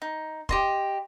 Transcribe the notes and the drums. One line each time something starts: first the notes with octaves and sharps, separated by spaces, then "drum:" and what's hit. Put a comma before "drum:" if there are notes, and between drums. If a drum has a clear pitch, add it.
D#4
G4 D#5 C6, drum: kick